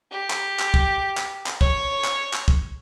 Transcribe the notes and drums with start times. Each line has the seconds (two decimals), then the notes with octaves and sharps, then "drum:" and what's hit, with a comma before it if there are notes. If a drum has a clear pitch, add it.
0.11 G4
0.30 drum: clap
0.59 drum: clap
0.74 drum: kick
1.17 drum: clap
1.46 drum: clap
1.61 C#5, drum: kick
2.04 drum: clap
2.33 drum: clap
2.48 drum: kick